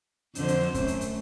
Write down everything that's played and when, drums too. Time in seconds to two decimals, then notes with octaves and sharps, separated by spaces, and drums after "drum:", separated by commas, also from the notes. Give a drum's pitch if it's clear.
0.35 F2 D3 C5, drum: hi-hat
0.48 drum: hi-hat
0.61 drum: snare
0.74 F#2 A3, drum: kick, hi-hat
0.88 drum: hi-hat
1.01 drum: hi-hat